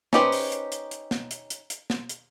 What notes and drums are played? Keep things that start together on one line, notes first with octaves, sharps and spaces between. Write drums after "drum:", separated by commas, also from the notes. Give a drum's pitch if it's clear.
C#4 D#4 G4 B4 C5, drum: snare
drum: open hi-hat
drum: hi-hat
drum: hi-hat
drum: hi-hat
drum: snare
drum: hi-hat
drum: hi-hat
drum: hi-hat
drum: snare
drum: hi-hat